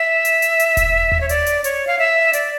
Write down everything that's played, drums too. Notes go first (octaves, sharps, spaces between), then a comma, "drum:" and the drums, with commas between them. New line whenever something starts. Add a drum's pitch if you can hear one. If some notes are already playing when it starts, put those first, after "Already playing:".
Already playing: E5
drum: hi-hat
drum: hi-hat
drum: hi-hat
drum: kick E1, hi-hat
drum: tom D#2
C#5
D5, drum: hi-hat
drum: hi-hat
C#5, drum: hi-hat
F5
E5
D5, drum: hi-hat